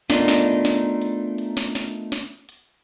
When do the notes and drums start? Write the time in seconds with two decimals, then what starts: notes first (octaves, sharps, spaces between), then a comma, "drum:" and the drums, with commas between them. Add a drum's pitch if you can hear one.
0.10 A3 B3 D4 D#4 F4 A#4, drum: snare
0.28 drum: snare
0.65 drum: snare
1.02 drum: hi-hat
1.38 drum: hi-hat
1.57 drum: snare
1.75 drum: snare
2.12 drum: snare
2.49 drum: hi-hat